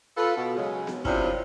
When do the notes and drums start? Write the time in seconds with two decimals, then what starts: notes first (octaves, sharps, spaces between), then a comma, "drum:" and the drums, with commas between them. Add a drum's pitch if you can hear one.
0.17 F4 A4 B4
0.37 B2
0.56 C#3 F#3 G#3
0.87 drum: snare B3
1.05 F#2 C3 F3 C#4 D4 E4, drum: kick